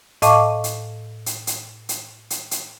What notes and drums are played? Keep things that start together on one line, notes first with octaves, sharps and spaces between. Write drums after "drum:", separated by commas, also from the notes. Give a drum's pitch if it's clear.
A2 D#5 F5 A5 C#6 D6, drum: hi-hat
drum: hi-hat
drum: hi-hat
drum: hi-hat
drum: hi-hat
drum: hi-hat
drum: hi-hat